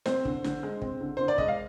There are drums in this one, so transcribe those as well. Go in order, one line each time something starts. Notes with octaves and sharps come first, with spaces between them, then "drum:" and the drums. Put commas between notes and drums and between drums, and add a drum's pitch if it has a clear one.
C4 C5, drum: snare
D3, drum: kick
D3, drum: snare
G#3
C4, drum: kick
D3
D3 C5
D5
G#3 D#5, drum: kick
F5